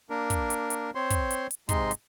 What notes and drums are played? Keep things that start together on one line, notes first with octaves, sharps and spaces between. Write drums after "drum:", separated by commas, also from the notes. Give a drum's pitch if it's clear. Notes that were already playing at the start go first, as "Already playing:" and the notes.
A#3 D4 A#4
drum: kick, hi-hat
drum: hi-hat
drum: hi-hat
C4 C5 C#5 C6
drum: kick, hi-hat
drum: hi-hat
drum: hi-hat
G#2 C3 G#3 D#4 C6, drum: kick, hi-hat
drum: hi-hat